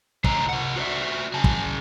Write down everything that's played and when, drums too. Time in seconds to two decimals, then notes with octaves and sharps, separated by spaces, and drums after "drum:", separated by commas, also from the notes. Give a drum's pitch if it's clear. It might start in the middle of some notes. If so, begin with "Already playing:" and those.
0.24 C#3 C5 D#5 A#5, drum: kick
0.49 C3 F#5
0.76 F#4 C5 D5 E5
1.34 C#3 G#5 A5
1.44 drum: kick